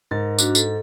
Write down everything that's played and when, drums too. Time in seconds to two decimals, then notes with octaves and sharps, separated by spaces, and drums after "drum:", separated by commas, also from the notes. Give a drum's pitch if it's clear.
0.11 G#2 A#4 A6
0.39 D4 F#4, drum: tambourine
0.55 A4, drum: tambourine